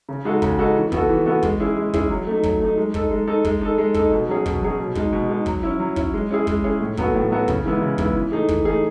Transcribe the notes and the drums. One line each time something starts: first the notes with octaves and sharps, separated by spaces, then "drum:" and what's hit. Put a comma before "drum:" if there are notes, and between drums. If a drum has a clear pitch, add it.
C#3
G#3 D#4 F#4 A4
C#3, drum: kick
G#3 D#4 F#4 A4
E3
B3 F#4 A4, drum: kick
E3
B3 F#4 A4
G#3, drum: kick
C#4 E4 G#4
G#3
C#4 E4 G#4, drum: kick
F#3
A3 D#4
F#3, drum: kick
A3 D#4
G#3
D#4 A4, drum: kick
G#3
D#4 A4
G#3, drum: kick
D#4 A4
G#3
D#4 A4, drum: kick
B2
F#3 C#4 G#4
B2, drum: kick
F#3 C#4 G#4
B2
G#3 D#4, drum: kick
B2
G#3 D#4
F#3, drum: kick
C#4 E4
F#3
C#4 E4, drum: kick
G#3
C#4 E4 G#4
G#3, drum: kick
C#4 E4 G#4
A2
F#3 B3 F#4 A4, drum: kick
A2
F#3 B3 F#4 A4
C#3, drum: kick
E3 G#3 B3 E4
C#3
E3 G#3 B3 E4, drum: kick
E3
A3 D#4 G#4
E3, drum: kick
A3 D#4 G#4